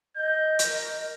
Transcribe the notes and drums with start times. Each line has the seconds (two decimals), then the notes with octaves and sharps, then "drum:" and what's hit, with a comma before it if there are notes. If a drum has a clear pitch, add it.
0.16 D#5 G6
0.59 A#4, drum: hi-hat